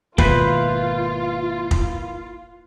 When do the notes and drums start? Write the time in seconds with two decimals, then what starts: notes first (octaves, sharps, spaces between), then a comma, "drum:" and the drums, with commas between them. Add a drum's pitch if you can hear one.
0.18 G#1 B2 A#3 E4 F4 B4 C5, drum: kick
1.71 drum: kick